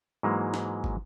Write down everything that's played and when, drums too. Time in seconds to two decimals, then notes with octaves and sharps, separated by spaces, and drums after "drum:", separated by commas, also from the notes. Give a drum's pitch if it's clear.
0.23 G#2 E3 F#3 G#3 A#3
0.54 drum: snare
0.84 drum: kick